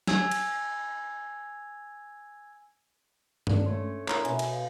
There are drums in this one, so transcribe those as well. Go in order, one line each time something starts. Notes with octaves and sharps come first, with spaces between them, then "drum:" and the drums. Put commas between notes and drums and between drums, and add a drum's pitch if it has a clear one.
G#5 E6 G#6 F7, drum: snare
drum: cymbal
D4 A4, drum: tom G2
A3 C#4 C6
C#4 E4 A#4 A#5 C6 F7, drum: clap
B2 C#5 E5 G#5, drum: hi-hat
drum: cymbal
F5